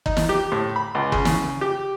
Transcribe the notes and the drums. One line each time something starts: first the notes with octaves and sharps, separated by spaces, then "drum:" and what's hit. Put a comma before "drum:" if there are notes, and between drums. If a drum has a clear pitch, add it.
D#4, drum: kick
drum: snare
G4
A2
B5
C#2
C#3, drum: kick
C#3, drum: snare
G4